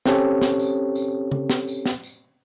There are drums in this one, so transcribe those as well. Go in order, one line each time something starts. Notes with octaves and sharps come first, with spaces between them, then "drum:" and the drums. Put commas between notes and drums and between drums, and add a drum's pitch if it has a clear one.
C4 C#4 G4 A4 C#5, drum: snare
drum: snare
drum: tambourine
drum: tambourine
drum: tom C#3
drum: snare
drum: tambourine
drum: snare
drum: tambourine